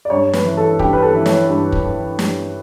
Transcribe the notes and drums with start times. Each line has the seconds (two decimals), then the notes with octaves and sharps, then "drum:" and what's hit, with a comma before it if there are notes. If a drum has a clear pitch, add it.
0.05 D5
0.10 G2 C#5
0.33 B4, drum: snare
0.45 E3
0.57 A4
0.79 G2 G4, drum: kick
0.93 B4
1.02 A4
1.14 E3
1.26 C#5, drum: snare
1.49 G2
1.72 drum: kick
1.84 E3
2.19 G2, drum: snare